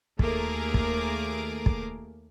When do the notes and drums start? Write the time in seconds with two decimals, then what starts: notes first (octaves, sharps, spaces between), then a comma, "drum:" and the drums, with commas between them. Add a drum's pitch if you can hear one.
0.19 D#2 A3 A#3 G#4 A#4 D6, drum: kick
0.74 drum: kick
1.66 drum: kick